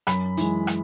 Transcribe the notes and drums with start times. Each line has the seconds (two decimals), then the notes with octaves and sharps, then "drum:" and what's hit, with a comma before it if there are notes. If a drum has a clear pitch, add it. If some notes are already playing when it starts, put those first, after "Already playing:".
0.07 F#2 B5, drum: rim click
0.37 E3 G#3, drum: hi-hat
0.67 drum: rim click